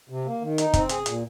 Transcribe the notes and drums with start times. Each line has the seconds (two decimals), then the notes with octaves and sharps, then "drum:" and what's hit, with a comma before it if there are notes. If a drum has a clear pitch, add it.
0.09 C3
0.25 A#3
0.42 D#3
0.58 D#4, drum: hi-hat
0.74 C4, drum: kick, hi-hat
0.89 G#4, drum: hi-hat
1.06 A#2, drum: hi-hat